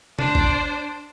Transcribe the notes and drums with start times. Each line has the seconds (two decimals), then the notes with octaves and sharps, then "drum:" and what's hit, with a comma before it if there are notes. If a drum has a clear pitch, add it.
0.19 D4 C5, drum: tom
0.35 drum: kick